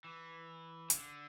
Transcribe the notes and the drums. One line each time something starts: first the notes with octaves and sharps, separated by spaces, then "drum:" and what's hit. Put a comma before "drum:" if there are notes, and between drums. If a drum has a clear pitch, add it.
E3
C#3, drum: hi-hat
D3